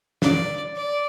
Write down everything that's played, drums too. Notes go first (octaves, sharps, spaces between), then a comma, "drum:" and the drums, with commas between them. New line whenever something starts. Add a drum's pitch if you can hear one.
D5, drum: snare
D5